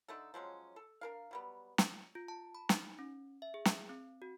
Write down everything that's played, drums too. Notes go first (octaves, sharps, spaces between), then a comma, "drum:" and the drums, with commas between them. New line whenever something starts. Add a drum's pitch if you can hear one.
D3 A3 D#4 A4
F3 F#3 G#3 C#4
A4
D4 A#4 F5
F#3 G3 B3
drum: snare
F4
A5
B5
D#4, drum: snare
C#4
E5
G#4
drum: snare
C4
F#4